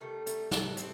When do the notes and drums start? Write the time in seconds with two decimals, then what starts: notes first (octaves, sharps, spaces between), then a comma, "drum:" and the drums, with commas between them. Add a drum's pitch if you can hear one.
0.01 D#3 G3 A3
0.26 A3, drum: hi-hat
0.51 C3 E3 A3 B3, drum: snare
0.77 C4, drum: hi-hat